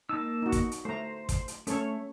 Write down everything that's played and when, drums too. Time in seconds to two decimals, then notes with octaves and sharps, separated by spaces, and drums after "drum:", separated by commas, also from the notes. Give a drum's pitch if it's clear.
0.09 A#3 D#4 A5 E6
0.42 D#4 F#4
0.52 drum: kick, hi-hat
0.72 drum: hi-hat
0.85 A3 C5 A#5
1.29 drum: kick, hi-hat
1.48 drum: hi-hat
1.67 A3 C#4 A4 C#5, drum: hi-hat